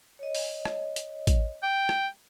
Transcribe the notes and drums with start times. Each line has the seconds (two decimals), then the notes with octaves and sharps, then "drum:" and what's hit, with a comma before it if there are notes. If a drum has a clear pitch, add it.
0.19 C#5 D#5
0.35 drum: open hi-hat
0.65 drum: rim click
0.96 drum: hi-hat
1.27 drum: kick, hi-hat
1.63 G5
1.89 drum: rim click